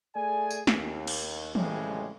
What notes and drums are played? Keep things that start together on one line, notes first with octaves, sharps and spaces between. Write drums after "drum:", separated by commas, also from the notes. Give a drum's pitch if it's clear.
A3 G#4 D5 G#5
drum: tambourine
D#2, drum: snare
drum: cymbal
A1 F2 A2 C#3 G3 G#3, drum: tom